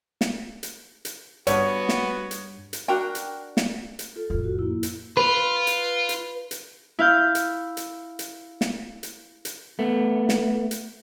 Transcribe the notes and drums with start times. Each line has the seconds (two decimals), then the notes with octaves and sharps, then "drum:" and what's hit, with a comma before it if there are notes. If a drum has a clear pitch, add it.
0.21 drum: snare
0.63 drum: hi-hat
1.05 drum: hi-hat
1.47 G2 B3 F#4 C#5, drum: hi-hat
1.89 drum: snare
2.31 drum: hi-hat
2.73 drum: hi-hat
2.88 D4 F#4 A#4 G5
3.15 drum: hi-hat
3.57 drum: snare
3.99 drum: hi-hat
4.16 F4 A4
4.30 F2 A2 F4 A4
4.44 F#4
4.59 A#3 E4
4.83 drum: hi-hat
5.17 F4 B4
5.67 drum: hi-hat
6.09 drum: hi-hat
6.51 drum: hi-hat
6.99 E4 F5 G6
7.35 drum: hi-hat
7.77 drum: hi-hat
8.19 drum: hi-hat
8.61 drum: snare
9.03 drum: hi-hat
9.45 drum: hi-hat
9.79 A3 B3
10.29 drum: snare
10.71 drum: hi-hat